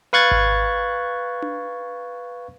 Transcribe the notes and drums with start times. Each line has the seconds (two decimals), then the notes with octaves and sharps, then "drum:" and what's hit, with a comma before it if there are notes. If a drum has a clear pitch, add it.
0.13 B4 F5 C#6 F#6 G#6 A6
0.31 drum: kick G#1
1.42 drum: tom D4